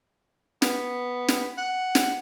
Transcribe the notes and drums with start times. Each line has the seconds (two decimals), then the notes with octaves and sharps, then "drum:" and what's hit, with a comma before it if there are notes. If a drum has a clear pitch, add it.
0.62 B3, drum: snare
1.28 drum: snare
1.58 F#5
1.95 drum: snare